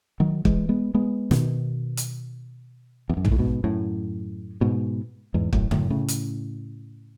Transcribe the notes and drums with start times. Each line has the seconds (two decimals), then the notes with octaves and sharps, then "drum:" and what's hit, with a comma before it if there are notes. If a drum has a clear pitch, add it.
0.20 D#3 F#3
0.45 E3 G#3, drum: kick
0.69 G#3 B3
0.94 G#3 B3
1.31 B2 D#3, drum: snare
1.97 drum: hi-hat
3.09 E2
3.17 F#2
3.25 G#2, drum: tom
3.32 A2
3.38 G#2 B2
3.64 F#2 A2
4.61 G#2 B2
5.34 E2 G#2
5.53 F#2 A2, drum: kick
5.71 F#2 A2, drum: tom C#3
5.90 A2 C#3
6.08 drum: hi-hat